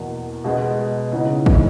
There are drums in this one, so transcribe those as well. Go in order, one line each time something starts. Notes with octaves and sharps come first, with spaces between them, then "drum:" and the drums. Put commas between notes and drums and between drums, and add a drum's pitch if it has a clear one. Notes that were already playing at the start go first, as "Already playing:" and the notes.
Already playing: E2 B2 A#3
B2 G#3 B3
C#3 E3 B3 D#4
drum: kick